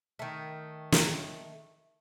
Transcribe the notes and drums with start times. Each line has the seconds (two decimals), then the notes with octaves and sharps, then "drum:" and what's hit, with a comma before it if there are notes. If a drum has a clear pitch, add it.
0.19 D#3 A3
0.92 drum: snare